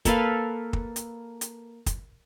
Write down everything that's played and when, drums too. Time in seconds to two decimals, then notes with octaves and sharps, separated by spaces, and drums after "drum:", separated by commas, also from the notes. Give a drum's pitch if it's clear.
0.05 A#3 A4 B4 F5, drum: kick, hi-hat
0.73 drum: kick
0.96 drum: hi-hat
1.41 drum: hi-hat
1.86 drum: kick, hi-hat